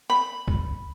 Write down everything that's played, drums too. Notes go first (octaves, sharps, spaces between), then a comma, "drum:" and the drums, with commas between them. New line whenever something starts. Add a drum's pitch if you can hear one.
B5
drum: kick C2